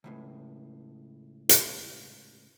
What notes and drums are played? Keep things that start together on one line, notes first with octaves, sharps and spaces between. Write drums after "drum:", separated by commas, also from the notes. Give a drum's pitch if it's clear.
C#2 A2 C3
drum: hi-hat